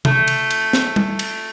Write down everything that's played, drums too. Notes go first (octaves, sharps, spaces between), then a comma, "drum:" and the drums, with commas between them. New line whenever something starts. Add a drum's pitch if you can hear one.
A3, drum: tom C3
drum: cymbal
drum: cymbal
drum: snare
drum: tom G3
drum: cymbal